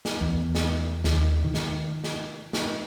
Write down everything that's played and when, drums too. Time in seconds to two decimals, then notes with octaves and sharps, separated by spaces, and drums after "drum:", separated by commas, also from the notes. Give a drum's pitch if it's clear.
0.05 drum: snare
0.21 E2
0.55 drum: snare
1.04 D#2, drum: snare
1.44 D#3
1.54 drum: snare
2.04 drum: snare
2.53 drum: snare